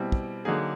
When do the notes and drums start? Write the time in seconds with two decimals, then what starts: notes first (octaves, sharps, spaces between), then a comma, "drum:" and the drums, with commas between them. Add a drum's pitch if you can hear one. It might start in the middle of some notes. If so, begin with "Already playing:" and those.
Already playing: B2 G3 C4 E4
0.12 drum: kick
0.45 D3 F#3 A#3 D#4 G#4